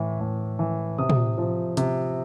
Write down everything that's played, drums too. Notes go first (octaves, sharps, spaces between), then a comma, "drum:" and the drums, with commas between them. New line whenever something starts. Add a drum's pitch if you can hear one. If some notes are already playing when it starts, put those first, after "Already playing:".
Already playing: A2 E3
A2
E3
C3 D#6
drum: tom
F3
C3, drum: hi-hat